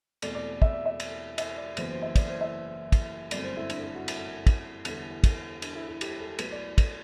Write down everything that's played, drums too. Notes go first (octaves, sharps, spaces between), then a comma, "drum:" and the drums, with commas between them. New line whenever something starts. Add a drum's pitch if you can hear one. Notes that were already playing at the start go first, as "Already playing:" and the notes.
E2 B2 A3 C4 D5, drum: cymbal
D5
E5, drum: kick
D5
E5
drum: cymbal
E5, drum: cymbal
D5
F#1 F#2 E3 B3 C5, drum: cymbal
C5
E5
D5, drum: kick, cymbal
C5
E5
drum: kick, cymbal
G1 F#2 D3 A3 C4 D5, drum: cymbal
C5
E4
D4, drum: cymbal
E4
F#4
E4, drum: cymbal
drum: kick, cymbal
E2 D3 G3 B3 E4, drum: cymbal
drum: kick, cymbal
D4, drum: cymbal
E4
E4
G4, drum: cymbal
A4
B1 B2 A3 B4, drum: cymbal
D5
drum: kick, cymbal